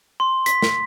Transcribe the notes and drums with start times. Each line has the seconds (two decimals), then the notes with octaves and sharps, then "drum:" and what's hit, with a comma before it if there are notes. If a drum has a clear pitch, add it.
0.20 C6
0.46 B6, drum: hi-hat
0.62 drum: snare